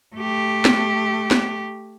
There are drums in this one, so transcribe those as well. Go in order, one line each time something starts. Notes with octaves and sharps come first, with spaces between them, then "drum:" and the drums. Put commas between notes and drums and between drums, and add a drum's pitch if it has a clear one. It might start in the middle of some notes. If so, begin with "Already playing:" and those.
A3 G4
drum: snare
drum: snare